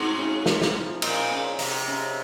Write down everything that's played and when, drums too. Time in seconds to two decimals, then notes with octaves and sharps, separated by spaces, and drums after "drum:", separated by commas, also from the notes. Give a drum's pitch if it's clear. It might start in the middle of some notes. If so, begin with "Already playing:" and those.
Already playing: G#2 C3 D#4 F#4
0.18 C#3
0.46 F3, drum: snare
0.62 drum: snare
0.74 F3
1.02 A#2 D#4, drum: cymbal
1.31 C#3
1.59 C3 D#4, drum: open hi-hat
1.87 C#3